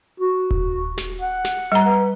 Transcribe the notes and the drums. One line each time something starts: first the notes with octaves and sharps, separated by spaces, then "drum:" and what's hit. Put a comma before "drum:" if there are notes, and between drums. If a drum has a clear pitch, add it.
F#4
drum: kick D#1
drum: snare
F#5
drum: snare
G3 A#5
B4